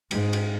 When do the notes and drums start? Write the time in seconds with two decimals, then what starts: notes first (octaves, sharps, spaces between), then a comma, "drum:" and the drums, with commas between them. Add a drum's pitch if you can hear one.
0.11 G#2, drum: cymbal
0.33 drum: cymbal